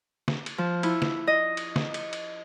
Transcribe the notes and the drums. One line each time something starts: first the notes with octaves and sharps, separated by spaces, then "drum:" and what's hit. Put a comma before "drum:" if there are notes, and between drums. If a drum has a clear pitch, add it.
drum: snare
drum: cymbal
F3
E4, drum: cymbal
drum: snare
D#5
drum: cymbal
drum: snare
drum: cymbal
drum: cymbal